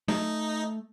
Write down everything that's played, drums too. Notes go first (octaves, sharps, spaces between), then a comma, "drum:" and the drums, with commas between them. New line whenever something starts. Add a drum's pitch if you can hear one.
A3 D#4, drum: snare F#3